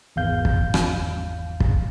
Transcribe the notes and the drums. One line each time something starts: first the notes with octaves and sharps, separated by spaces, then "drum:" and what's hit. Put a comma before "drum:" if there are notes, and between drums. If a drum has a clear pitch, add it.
G#1 E2 F5 G6
drum: kick
drum: rim click
drum: kick